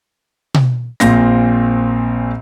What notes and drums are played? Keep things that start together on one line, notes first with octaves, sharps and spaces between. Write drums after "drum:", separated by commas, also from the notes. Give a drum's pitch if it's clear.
drum: tom B2
A#1 A#2 C4 F5 A#6, drum: snare